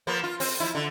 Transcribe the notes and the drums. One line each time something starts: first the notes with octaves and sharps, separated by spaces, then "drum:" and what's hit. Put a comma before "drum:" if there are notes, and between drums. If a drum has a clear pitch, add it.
F3 A#3 B3
F4
C4, drum: open hi-hat
F3 E4
D3